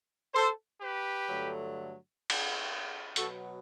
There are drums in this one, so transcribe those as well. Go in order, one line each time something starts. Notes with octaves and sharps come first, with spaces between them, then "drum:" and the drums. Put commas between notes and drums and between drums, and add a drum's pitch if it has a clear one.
A4 C5
G4 B4
G2 D3 F#3 A3
drum: cymbal
B2 F#3 B3 F#4 A4, drum: hi-hat